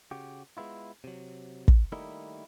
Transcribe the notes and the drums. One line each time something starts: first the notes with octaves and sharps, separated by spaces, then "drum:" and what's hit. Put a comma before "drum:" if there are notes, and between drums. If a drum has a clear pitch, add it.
C#3 F#4 G4
G#3 B3 E4 F4
C3 F#3
drum: kick
D#3 G3 A3 A#3 D#4 E4